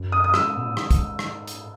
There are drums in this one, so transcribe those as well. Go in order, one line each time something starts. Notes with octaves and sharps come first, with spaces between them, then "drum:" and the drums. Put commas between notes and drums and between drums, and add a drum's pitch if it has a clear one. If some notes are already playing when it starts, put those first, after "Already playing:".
Already playing: F#2
D#6
D#6
G#2 E6, drum: rim click
B2
A2
G#2, drum: rim click
drum: kick, hi-hat
drum: rim click
drum: hi-hat